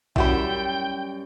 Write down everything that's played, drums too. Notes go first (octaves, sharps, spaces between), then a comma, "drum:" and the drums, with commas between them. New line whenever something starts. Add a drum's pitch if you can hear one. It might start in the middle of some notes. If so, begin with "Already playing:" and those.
F#2 G3 E4 F#4 E5 G5 B5, drum: kick A#1